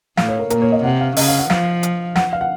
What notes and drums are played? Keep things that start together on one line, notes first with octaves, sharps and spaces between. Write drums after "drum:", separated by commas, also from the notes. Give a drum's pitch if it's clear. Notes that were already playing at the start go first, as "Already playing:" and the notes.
A2 F5, drum: snare
C#5
A#4
A#2 A#4, drum: hi-hat
C#5
D#5
C3 F#5
F5
C#3 D#5, drum: open hi-hat
F5
F#5
F3 F5, drum: snare
drum: hi-hat
F#5, drum: snare
F5
F#5